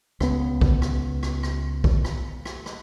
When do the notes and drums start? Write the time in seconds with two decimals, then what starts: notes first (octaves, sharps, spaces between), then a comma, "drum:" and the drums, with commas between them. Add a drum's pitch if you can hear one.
0.21 C#2 B3, drum: rim click
0.61 drum: kick B1
0.82 drum: rim click
1.23 drum: rim click
1.43 drum: rim click
1.84 drum: kick B1
2.05 drum: rim click
2.45 drum: rim click
2.66 drum: rim click